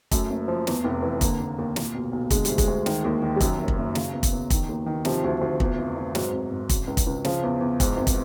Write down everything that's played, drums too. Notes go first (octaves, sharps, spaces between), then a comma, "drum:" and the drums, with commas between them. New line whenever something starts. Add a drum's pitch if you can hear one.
F#2 A3, drum: kick, hi-hat
F#1
F3
E2, drum: snare
F1
E3
D3 A#3, drum: kick, hi-hat
D#2
D#2
A#2, drum: snare
B1
B1
D3 G#3, drum: kick, hi-hat
D2 G3, drum: hi-hat
G#3, drum: kick, hi-hat
D2
D#3, drum: snare
D#2
D#3
G3
F#2 F#3, drum: kick, hi-hat
F#1
drum: kick
F#1
C#3, drum: snare
E2
drum: kick, hi-hat
E2
D#3, drum: kick, hi-hat
D#2
D#3
C3 F3, drum: snare
D2
D2
E2, drum: kick
F1
F1
G#2 F#3, drum: snare
G#1
G#1
C#3, drum: kick, hi-hat
C#2
drum: kick, hi-hat
C#2
C#3 F3, drum: snare
E2
E2
G#2, drum: kick, hi-hat
G#1
drum: kick, hi-hat